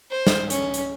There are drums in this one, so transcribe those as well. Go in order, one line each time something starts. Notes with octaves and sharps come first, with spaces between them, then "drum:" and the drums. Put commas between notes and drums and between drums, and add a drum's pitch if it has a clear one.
C5
drum: snare
C#4, drum: hi-hat
drum: hi-hat